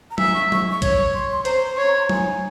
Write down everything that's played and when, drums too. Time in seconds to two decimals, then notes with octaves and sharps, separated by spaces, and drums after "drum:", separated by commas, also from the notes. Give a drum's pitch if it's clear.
0.11 A#5
0.18 E5 G#5, drum: tom F#3
0.34 C#6
0.52 C#6, drum: tom F#3
0.71 C#6
0.82 C#5, drum: kick, hi-hat
1.14 C6
1.30 C6
1.45 C5 A#5, drum: hi-hat
1.56 C6
1.67 C6
1.77 C#5 C#6
1.88 A#5
1.99 A#5
2.09 G#5, drum: tom F#3